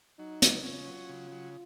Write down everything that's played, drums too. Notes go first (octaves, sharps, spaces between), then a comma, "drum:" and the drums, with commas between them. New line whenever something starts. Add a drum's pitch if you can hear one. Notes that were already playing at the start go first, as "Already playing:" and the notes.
F#3 D#4
C#3, drum: hi-hat
C#4 F4
F#3
C#3
F#3